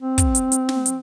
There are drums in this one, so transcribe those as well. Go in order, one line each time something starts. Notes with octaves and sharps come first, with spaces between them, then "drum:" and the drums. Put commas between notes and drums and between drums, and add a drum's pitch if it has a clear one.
C4
drum: kick, hi-hat
drum: hi-hat
drum: hi-hat
drum: snare
drum: hi-hat